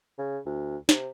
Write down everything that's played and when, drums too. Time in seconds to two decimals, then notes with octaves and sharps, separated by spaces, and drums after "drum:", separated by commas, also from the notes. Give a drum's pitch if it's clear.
0.18 C#3
0.46 D2
0.89 C3, drum: snare